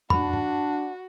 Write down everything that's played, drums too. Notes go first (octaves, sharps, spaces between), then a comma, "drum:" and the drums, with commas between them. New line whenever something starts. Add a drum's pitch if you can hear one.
D4 F#4 B5, drum: tom
drum: tom